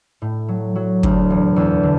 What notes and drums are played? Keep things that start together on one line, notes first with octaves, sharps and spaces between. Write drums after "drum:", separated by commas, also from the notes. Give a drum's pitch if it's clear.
A2
F#3
F#3
D2, drum: kick
E1
E2
D3